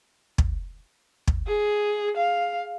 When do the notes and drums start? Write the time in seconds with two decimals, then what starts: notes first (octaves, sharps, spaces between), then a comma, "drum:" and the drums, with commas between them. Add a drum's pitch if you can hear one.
0.38 drum: kick
1.27 drum: kick
1.47 G#4
2.17 F5